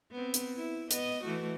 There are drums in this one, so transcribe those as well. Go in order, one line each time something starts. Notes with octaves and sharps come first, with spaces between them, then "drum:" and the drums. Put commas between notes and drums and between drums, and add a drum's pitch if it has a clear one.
B3 C4
drum: hi-hat
E4
B3 D#5, drum: hi-hat
E3 A3 F#4